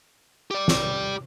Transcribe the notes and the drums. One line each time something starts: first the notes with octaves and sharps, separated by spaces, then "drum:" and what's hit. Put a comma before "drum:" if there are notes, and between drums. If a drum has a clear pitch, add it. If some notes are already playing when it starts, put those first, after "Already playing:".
G4 D5
drum: snare